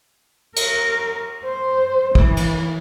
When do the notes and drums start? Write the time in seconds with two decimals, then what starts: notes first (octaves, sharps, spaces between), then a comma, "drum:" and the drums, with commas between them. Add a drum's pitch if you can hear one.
0.56 A#4, drum: cymbal
1.44 C5
2.15 E3, drum: kick
2.37 drum: cymbal